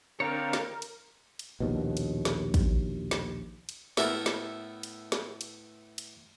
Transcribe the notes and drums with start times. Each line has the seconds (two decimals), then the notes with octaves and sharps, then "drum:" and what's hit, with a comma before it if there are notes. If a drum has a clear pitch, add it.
0.20 D3 C4 D4 A#4 C#5 F5 G5 A#5
0.53 drum: snare
0.82 drum: cymbal
1.39 drum: cymbal
1.60 A#1 D#2 B2
1.97 drum: cymbal
2.25 drum: snare
2.54 drum: kick, cymbal
3.11 drum: snare
3.69 drum: cymbal
3.97 A2 B3 E4 A4 A#4, drum: snare
4.26 drum: snare
4.83 drum: cymbal
5.12 drum: snare
5.41 drum: cymbal
5.98 drum: cymbal